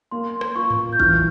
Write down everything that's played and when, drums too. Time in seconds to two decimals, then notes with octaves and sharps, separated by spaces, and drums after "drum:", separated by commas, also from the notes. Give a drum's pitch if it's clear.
0.11 A#3 C6
0.41 drum: rim click
0.55 F4 C#6
0.70 drum: tom G#2
0.93 G6
1.00 E3 F6, drum: kick